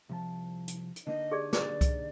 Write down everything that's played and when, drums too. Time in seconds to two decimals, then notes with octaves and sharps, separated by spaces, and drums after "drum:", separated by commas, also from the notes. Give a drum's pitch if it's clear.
0.09 C2 F3 A5
0.68 drum: hi-hat
0.96 drum: hi-hat
1.07 D3 A#3 D#4 D#5
1.31 G4 G#4 D5
1.53 G#4 D5, drum: snare
1.81 drum: kick C2, hi-hat